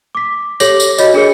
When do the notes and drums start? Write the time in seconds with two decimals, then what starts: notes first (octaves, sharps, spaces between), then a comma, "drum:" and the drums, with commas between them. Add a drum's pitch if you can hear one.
0.15 D6 B6
0.60 G4 A4 C#5 D6 A#6 F#7, drum: tambourine
0.80 drum: tambourine
0.98 F#4 C#5 D#5, drum: tambourine
1.14 D4 G#4 A#4 C#5 C#7